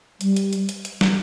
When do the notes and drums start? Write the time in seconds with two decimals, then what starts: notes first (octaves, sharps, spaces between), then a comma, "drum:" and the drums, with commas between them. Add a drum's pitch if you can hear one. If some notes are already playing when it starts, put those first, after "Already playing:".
0.21 G3, drum: hi-hat
0.36 drum: hi-hat
0.53 drum: hi-hat
0.69 drum: hi-hat
0.85 drum: hi-hat
1.01 drum: snare